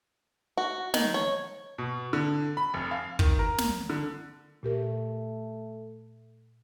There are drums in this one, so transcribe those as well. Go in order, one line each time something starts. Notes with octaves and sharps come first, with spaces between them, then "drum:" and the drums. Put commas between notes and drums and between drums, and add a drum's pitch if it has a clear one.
F#4
D#3, drum: snare
C#5
B2
D3
B5
F1
F5
D#3, drum: kick
A#4
drum: snare
D3
A#2 A3 G4 A#4